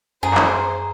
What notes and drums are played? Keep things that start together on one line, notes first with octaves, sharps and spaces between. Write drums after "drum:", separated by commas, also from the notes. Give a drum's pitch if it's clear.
F#2 G#4 C5 A#5
drum: clap